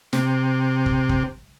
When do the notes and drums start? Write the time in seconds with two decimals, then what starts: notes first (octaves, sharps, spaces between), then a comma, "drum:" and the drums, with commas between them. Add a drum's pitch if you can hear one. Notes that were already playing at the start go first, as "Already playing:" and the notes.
0.13 C3, drum: snare
0.86 drum: kick
1.09 drum: kick